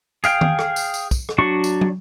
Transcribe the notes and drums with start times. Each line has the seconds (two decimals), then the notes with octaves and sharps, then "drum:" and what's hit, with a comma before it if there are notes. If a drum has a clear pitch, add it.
0.24 G#4 F5 G5, drum: tambourine
0.41 drum: tom D#3
0.59 drum: rim click
0.76 drum: tambourine
0.94 drum: tambourine
1.11 drum: kick, tambourine
1.29 drum: rim click
1.38 F#3 D4 F#4 C#6
1.64 drum: tambourine
1.81 drum: tom